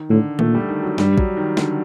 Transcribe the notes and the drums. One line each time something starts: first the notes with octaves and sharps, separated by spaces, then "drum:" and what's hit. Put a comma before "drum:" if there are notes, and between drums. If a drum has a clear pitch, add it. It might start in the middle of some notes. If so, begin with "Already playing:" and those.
Already playing: D#3
A2 D3
A#2 A3, drum: tom D#3
G3
D#3
F#3
G2 G3, drum: snare
F#3, drum: kick
D#3
D3, drum: snare